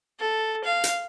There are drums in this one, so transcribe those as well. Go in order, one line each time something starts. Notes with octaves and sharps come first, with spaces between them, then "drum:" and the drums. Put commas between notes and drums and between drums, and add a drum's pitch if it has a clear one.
A4
F5
drum: hi-hat